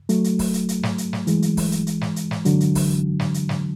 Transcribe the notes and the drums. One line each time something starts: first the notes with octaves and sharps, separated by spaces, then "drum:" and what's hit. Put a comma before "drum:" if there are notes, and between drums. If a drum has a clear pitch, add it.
F#3 A3, drum: hi-hat
drum: hi-hat
drum: kick C#1, open hi-hat
drum: hi-hat
drum: hi-hat
drum: snare
drum: hi-hat
drum: snare
E3 G#3, drum: hi-hat
drum: hi-hat
drum: kick C#1, open hi-hat
drum: hi-hat
drum: hi-hat
drum: snare
drum: hi-hat
drum: snare
D3 F#3, drum: hi-hat
drum: hi-hat
drum: kick C#1, open hi-hat
drum: snare
drum: hi-hat
drum: snare